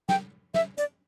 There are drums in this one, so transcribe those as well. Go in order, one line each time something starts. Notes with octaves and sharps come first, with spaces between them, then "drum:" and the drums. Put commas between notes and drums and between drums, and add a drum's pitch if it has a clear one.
G5, drum: snare
E5, drum: snare
D5, drum: hi-hat